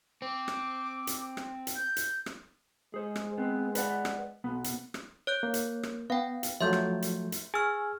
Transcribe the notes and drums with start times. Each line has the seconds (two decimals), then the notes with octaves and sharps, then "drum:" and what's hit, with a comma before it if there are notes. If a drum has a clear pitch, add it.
0.22 C4 D6
0.48 drum: rim click
1.07 drum: hi-hat
1.37 drum: rim click
1.67 drum: hi-hat
1.76 G6
1.97 drum: hi-hat
2.26 drum: rim click
2.94 G#3 G#4 C5
3.16 drum: rim click
3.38 B3 C4
3.75 B4 D5 F#5, drum: hi-hat
4.05 drum: rim click
4.44 B1 B3
4.64 drum: hi-hat
4.94 drum: rim click
5.27 C#5 F#6 G6
5.43 A#3
5.54 drum: hi-hat
5.83 drum: rim click
6.10 B3 F5 G5
6.43 drum: hi-hat
6.61 F3 F#3 A3 E5 C6 G6
6.73 drum: rim click
7.02 drum: hi-hat
7.32 drum: hi-hat
7.54 G#4 G#5 E6 F6